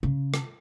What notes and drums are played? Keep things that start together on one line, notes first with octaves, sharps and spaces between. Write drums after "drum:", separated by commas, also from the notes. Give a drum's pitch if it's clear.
C#3
drum: rim click